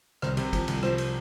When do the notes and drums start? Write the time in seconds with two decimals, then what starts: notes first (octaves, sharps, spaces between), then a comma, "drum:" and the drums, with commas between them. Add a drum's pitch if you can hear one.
0.22 C2 C5, drum: rim click
0.37 C3, drum: cymbal
0.53 F3, drum: kick, cymbal
0.68 C2, drum: cymbal
0.83 F3 C5, drum: rim click
0.98 drum: cymbal